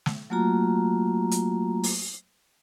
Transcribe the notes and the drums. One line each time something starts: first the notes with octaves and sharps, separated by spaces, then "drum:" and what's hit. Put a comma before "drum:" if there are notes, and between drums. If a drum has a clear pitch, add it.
drum: snare
F#3 A3 A#3 F4 F#4 A#5
drum: hi-hat
drum: open hi-hat